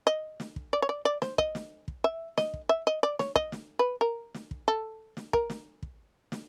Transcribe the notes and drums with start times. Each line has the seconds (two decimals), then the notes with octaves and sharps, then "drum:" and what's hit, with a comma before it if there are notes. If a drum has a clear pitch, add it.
0.07 D#5
0.40 drum: snare
0.56 drum: kick
0.73 D5
0.82 C#5
0.89 D5
1.05 D5
1.22 C5, drum: snare
1.38 D#5, drum: kick
1.55 drum: snare
1.88 drum: kick
2.04 E5
2.38 D#5, drum: snare
2.54 drum: kick
2.69 E5
2.87 D#5
3.03 D5
3.19 C#5, drum: snare
3.36 D#5, drum: kick
3.52 drum: snare
3.79 B4
4.01 A#4
4.34 drum: snare
4.51 drum: kick
4.68 A4
5.17 drum: snare
5.33 A#4, drum: kick
5.50 drum: snare
5.83 drum: kick
6.32 drum: snare